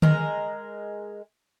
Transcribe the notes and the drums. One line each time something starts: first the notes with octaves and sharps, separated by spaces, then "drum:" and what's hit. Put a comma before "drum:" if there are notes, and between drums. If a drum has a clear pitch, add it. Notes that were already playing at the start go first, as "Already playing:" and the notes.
G#3 A#4, drum: tom D3